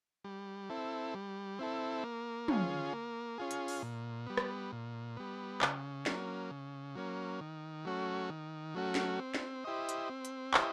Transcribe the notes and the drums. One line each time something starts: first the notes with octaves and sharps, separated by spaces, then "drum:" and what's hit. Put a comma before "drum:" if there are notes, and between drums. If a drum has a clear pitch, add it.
G3
C4 E4 A4
G3
C4 E4 A4
A#3
C#4 F4 G#4, drum: tom
A#3
C#4 F4 G#4
drum: hi-hat
drum: open hi-hat
A#2
G3 B3
drum: rim click
A#2
G3 B3
C#3, drum: clap
F#3 A#3 C#4, drum: snare
C#3
F#3 A#3 C#4
D#3
F#3 A3 C#4 F#4
D#3
F#3 A3 C#4 F#4
drum: snare
C4
drum: snare
E4 G4 C5 D#5
drum: hi-hat
C4
drum: hi-hat
E4 G4 C5 D#5, drum: clap